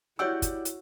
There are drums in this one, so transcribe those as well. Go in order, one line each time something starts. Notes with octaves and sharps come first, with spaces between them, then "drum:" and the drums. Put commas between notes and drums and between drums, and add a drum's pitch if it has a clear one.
E4 F#4 G4 C#5 D5 F#5 E6
drum: kick, hi-hat
drum: hi-hat